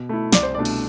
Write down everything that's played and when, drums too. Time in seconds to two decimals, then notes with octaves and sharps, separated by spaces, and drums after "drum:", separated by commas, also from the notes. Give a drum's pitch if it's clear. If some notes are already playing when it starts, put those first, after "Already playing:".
Already playing: B2
0.09 A3 E4
0.32 C2 D5, drum: snare
0.43 C5
0.55 B2 A3 D4 D5
0.65 drum: cymbal